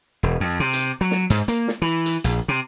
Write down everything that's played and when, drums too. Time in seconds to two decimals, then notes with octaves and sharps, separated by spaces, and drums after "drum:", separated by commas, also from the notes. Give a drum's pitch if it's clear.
0.23 E1
0.40 F2
0.60 C3
0.73 drum: hi-hat
1.01 F#3
1.11 drum: snare
1.30 G#2, drum: hi-hat
1.48 A#3, drum: hi-hat
1.68 drum: snare
1.82 E3
2.06 drum: hi-hat
2.24 A#1, drum: hi-hat
2.48 C3